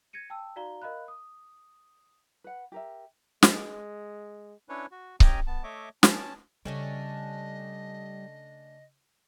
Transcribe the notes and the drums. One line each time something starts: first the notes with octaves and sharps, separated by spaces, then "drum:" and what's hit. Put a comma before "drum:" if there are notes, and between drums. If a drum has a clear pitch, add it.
G#6 A#6 C#7 D#7
G5 A5 E6
D#4 F#4 D5 F5 A#5 G7
A#4 D#5 F5 B5 F#6
D#6
B4 F#5
G4 A#4 E5
G#3, drum: snare
C#4 D4 E4 B4 C#5
F#4
C#4 G4 D#5 G5 G#5 A#5, drum: kick C#1
B3 A5
A3 C#5 D#5 E5 D6
C#4 A5, drum: snare
C#3 G3 A3 C#4 D4 D#5